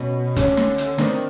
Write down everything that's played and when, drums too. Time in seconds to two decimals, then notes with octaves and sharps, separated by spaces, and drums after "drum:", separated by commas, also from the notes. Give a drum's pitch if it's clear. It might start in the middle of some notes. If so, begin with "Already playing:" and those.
Already playing: B2 C#4
0.36 D3 C#4, drum: kick, hi-hat
0.57 drum: snare
0.78 drum: hi-hat
0.98 D#3 C4 D4, drum: snare